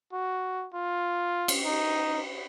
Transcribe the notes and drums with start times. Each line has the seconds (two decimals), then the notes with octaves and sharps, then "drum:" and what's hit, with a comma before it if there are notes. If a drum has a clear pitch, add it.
0.13 F#4
0.74 F4
1.48 drum: cymbal
1.65 D#4